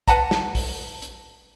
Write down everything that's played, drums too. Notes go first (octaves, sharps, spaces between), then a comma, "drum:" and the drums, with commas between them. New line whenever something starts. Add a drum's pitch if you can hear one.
B4 F#5 A5 A#5, drum: kick, hi-hat
drum: snare
drum: kick, open hi-hat
drum: hi-hat